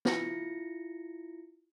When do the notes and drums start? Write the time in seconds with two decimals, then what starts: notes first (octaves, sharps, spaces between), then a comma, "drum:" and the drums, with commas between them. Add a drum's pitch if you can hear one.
0.05 E4 F4 A#6 C#7, drum: snare